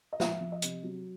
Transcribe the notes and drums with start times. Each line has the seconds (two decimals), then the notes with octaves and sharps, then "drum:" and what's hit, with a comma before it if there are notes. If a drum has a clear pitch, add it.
0.13 D#5
0.20 F3 E5, drum: snare
0.40 F3
0.52 D#5
0.62 C3, drum: hi-hat
0.84 F#3